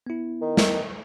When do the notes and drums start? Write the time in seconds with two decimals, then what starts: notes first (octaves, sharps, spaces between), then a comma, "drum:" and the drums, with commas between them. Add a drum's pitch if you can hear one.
0.07 B3 E4
0.41 D#3
0.57 drum: snare